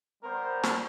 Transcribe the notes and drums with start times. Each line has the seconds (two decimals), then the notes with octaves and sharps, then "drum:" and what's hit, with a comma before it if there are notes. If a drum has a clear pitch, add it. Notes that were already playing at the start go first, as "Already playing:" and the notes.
0.23 G3 B3 A#4 C5
0.63 drum: snare